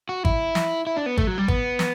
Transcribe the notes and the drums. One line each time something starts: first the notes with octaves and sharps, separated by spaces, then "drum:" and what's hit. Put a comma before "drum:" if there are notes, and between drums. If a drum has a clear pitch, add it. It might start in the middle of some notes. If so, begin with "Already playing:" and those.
F#4
E4, drum: kick G#1
drum: snare
E4
D4
B3
A3, drum: kick G#1
F#3
G3
B3, drum: kick G#1
drum: snare